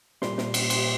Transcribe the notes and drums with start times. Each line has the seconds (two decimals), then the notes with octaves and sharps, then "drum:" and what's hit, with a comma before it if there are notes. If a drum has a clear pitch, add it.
0.22 A#2 G3 C6, drum: snare
0.38 drum: snare
0.54 drum: cymbal
0.70 C6, drum: cymbal